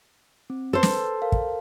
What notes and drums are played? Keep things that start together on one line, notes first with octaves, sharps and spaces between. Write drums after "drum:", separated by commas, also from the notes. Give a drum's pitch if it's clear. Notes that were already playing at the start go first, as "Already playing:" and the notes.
C4
A4 B4 C5
drum: snare
A#4 F5
drum: kick